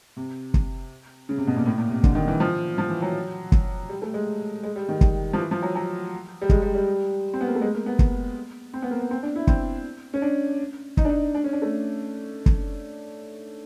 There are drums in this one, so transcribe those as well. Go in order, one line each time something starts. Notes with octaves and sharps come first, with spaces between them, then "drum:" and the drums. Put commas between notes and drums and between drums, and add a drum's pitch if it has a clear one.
C3
drum: kick
C#3
C3
B2
A#2
A2
A#2
C3
D3, drum: kick
D#3
E3
F3
F3
E3
F#3
drum: kick
G3
A3
G#3
G#3
G3
D#3
drum: kick
F3
E3
F3
F#3
F#3
G3
G#3, drum: kick
G3
G3
C4
B3
A#3
A3
G#3
A#3
B3
drum: kick
C4
B3
A#3
B3
C4
D4
E4
C4, drum: kick
C#4
D4
D#4, drum: kick
D4
D#4
D4
C#4
D4
A3
drum: kick